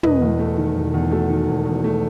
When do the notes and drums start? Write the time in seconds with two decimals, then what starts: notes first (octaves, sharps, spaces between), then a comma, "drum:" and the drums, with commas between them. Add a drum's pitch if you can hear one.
0.03 E1 B4 D#5, drum: tom
0.21 E2
0.39 A3
0.57 D#3
0.76 E1
0.94 E2
1.11 A3 F#4 A4
1.30 D#3
1.48 E1
1.66 E2
1.84 A3